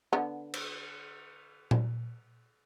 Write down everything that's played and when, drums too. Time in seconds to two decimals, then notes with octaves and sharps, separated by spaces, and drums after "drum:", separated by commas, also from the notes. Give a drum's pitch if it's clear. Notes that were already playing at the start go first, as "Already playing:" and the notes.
0.13 D3 B3
0.54 drum: cymbal
1.71 drum: tom A#2